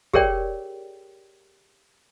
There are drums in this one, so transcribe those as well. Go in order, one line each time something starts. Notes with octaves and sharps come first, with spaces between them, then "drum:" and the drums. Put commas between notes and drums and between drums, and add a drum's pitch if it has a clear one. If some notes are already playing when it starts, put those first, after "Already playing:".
G4 G#4 A#4 C#5 D5 G5, drum: kick